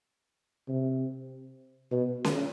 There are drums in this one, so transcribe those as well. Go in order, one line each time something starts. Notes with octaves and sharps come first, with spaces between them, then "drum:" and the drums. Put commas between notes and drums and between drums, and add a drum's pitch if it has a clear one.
C3
B2
drum: snare C#4